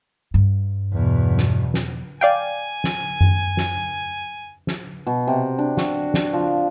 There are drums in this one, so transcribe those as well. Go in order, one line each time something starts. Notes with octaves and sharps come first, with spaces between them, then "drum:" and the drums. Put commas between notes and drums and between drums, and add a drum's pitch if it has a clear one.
G2
E2 B2
drum: snare
drum: snare
D5 F5 G5 G#5
drum: snare
drum: tom F#2
drum: snare
drum: snare
B2
C3
D4
F#4, drum: snare
drum: snare
F3